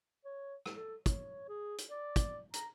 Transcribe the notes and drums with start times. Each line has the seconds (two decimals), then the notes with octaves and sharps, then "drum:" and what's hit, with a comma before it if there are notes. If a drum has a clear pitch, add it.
0.25 C#5
0.66 drum: rim click
0.75 A4
1.06 C#5, drum: kick, hi-hat
1.49 G#4
1.78 drum: hi-hat
1.90 D5
2.16 drum: kick, hi-hat
2.54 A#5, drum: hi-hat